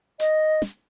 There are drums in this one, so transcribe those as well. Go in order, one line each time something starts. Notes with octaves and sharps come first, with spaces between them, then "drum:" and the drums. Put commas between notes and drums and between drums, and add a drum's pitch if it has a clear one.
D#5, drum: hi-hat
drum: snare